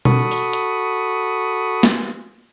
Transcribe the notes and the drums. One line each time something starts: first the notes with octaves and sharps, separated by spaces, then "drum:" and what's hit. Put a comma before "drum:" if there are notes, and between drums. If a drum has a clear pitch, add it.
F#4 A4 B5 C#6 D#6, drum: tom B2
drum: open hi-hat
drum: hi-hat
drum: snare